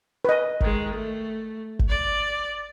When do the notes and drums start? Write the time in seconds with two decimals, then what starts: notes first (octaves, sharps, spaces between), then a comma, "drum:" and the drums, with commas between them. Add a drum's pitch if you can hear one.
0.25 B4 D#5
0.60 D#3 G#3, drum: kick G#1
0.94 A3
1.79 drum: kick G#1
1.89 D5